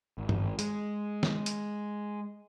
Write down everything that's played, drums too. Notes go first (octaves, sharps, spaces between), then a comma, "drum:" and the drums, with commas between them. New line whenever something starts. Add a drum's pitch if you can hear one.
G#1
drum: tom G2
G#3, drum: hi-hat
drum: snare
drum: hi-hat